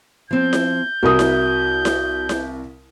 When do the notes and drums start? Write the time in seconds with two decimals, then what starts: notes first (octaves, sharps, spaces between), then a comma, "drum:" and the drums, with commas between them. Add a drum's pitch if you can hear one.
0.31 F3 C4 G6
0.53 drum: snare E4
1.03 C2 E4 F#4 A#4 D#6
1.19 drum: snare E4
1.85 drum: snare E4
2.29 drum: snare E4